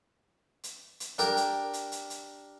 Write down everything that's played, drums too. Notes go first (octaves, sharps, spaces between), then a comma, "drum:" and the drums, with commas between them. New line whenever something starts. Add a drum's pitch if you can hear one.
drum: hi-hat
drum: hi-hat
D4 G4 A#4, drum: hi-hat
drum: hi-hat
drum: hi-hat
drum: hi-hat
drum: hi-hat